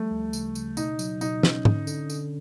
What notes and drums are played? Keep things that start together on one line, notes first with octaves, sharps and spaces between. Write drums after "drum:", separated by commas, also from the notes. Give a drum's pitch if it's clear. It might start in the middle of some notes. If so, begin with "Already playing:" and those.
Already playing: F3 G3 A3
D2
C#3, drum: tambourine
C#3, drum: tambourine
B2 D#4, drum: tambourine
F#3, drum: tambourine
B2 D#4, drum: tambourine
C#4, drum: snare
D3, drum: tom G#2
D3, drum: tambourine
D3, drum: tambourine